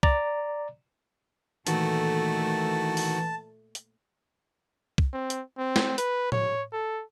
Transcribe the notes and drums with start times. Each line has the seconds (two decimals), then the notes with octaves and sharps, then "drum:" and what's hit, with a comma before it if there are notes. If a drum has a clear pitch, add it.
0.03 D5 A#5, drum: kick
1.67 A#2 D#3 E3 A3 F#4 A5, drum: hi-hat
2.97 drum: open hi-hat
3.75 drum: hi-hat
4.98 drum: kick
5.13 C4
5.30 drum: hi-hat
5.58 C4
5.76 drum: snare
5.98 B4, drum: hi-hat
6.32 C#5, drum: tom
6.73 A4